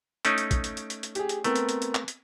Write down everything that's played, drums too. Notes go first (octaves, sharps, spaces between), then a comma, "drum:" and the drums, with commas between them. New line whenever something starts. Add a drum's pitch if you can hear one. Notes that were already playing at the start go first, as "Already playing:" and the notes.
A3 C#4 D#4 D#6 D7, drum: hi-hat
drum: hi-hat
drum: kick, hi-hat
drum: hi-hat
drum: hi-hat
drum: hi-hat
drum: hi-hat
G4 G#4, drum: hi-hat
drum: hi-hat
A3 B3 C4 A#4, drum: hi-hat
drum: hi-hat
drum: hi-hat
drum: hi-hat
drum: clap
drum: hi-hat